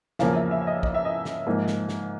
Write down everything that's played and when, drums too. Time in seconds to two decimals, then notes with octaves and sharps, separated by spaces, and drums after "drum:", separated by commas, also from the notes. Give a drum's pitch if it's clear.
0.19 E2 C#3 F3 A#3 F5, drum: snare
0.35 E5
0.51 E5
0.67 D#5
0.83 D#5, drum: kick
0.94 E5
1.05 D#5
1.25 drum: snare
1.47 G#2 F3 A#3
1.68 drum: snare
1.89 drum: snare